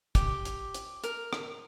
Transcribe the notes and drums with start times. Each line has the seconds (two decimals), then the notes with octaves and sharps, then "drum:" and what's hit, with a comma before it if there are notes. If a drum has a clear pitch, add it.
0.15 G4, drum: kick, hi-hat
0.45 drum: hi-hat
0.74 drum: hi-hat
1.04 A#4, drum: hi-hat
1.33 drum: rim click